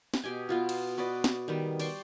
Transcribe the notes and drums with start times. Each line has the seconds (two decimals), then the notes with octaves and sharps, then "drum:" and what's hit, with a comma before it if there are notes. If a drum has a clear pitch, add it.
0.14 drum: snare
0.23 B2 G4 D#5 G#5
0.49 B3 F4 F#4
0.69 drum: cymbal
0.98 F#4 B4 D5 D#5
1.24 drum: snare
1.48 D#3 G3 B3
1.80 D5 G5 C6 C#6, drum: cymbal